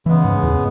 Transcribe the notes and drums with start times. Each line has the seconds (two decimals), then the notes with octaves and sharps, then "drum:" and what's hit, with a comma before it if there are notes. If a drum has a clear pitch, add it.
0.06 C#3 E3 G#3 B3
0.25 G#2
0.43 E2, drum: tom G#2